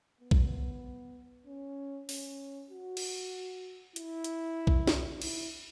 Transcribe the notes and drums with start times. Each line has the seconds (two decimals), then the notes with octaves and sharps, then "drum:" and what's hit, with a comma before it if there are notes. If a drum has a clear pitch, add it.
0.21 B3
0.31 drum: kick A#1
1.46 C#4
2.09 C#4, drum: open hi-hat
2.71 F#4
2.97 drum: cymbal
3.96 E4, drum: hi-hat
4.24 drum: hi-hat
4.67 drum: kick A#1
4.87 drum: snare
5.22 E4, drum: cymbal